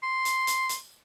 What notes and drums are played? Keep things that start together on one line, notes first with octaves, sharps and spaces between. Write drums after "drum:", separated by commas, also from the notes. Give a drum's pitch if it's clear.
C6
drum: hi-hat
drum: hi-hat
drum: hi-hat